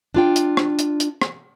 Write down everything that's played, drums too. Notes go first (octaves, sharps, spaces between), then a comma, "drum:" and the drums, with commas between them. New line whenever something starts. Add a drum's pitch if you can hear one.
D4 F4 G5
drum: hi-hat
drum: rim click
drum: hi-hat
drum: hi-hat
drum: rim click